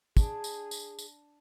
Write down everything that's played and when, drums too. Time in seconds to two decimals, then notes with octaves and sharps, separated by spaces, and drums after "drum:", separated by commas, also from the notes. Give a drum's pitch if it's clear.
0.17 D4 G#4, drum: kick, tambourine
0.44 drum: tambourine
0.71 drum: tambourine
0.99 drum: tambourine